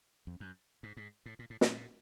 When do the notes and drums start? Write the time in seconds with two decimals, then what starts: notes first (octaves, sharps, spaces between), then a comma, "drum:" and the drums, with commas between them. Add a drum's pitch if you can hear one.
0.27 F2
0.40 F#2
0.83 G#2
0.97 G#2
1.26 A2
1.39 A#2
1.50 A2
1.61 A#2, drum: snare